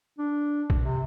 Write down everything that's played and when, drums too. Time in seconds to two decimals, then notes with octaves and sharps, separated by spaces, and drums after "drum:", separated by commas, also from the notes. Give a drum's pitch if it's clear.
0.19 D4
0.70 drum: kick
0.83 C3